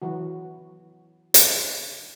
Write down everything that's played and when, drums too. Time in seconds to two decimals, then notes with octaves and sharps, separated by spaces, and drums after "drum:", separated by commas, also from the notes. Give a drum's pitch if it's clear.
0.02 E3 F#3 F#4
1.34 drum: hi-hat